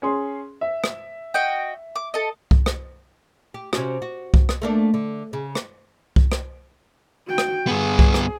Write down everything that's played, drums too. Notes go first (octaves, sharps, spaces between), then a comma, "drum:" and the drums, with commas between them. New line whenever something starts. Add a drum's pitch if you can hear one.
C#4 G#4 C6
E5
drum: rim click
F#4 D#5 G5
D6
A4 D#5
drum: kick C2
drum: rim click
G4
C3 C#4 F#4, drum: rim click
F#4
drum: kick C2
drum: rim click
A3 A#3 D4
D3
C#3
drum: rim click
drum: kick C2
drum: rim click
F#4 G5
drum: rim click
G2 B3 G#4
drum: kick C2
drum: rim click